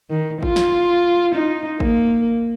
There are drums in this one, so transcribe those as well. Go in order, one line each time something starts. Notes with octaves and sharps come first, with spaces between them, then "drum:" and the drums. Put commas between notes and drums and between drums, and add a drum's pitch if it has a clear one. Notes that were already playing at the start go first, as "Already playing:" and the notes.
D#3
F4, drum: kick G#1
drum: snare
D#4
A#3, drum: kick G#1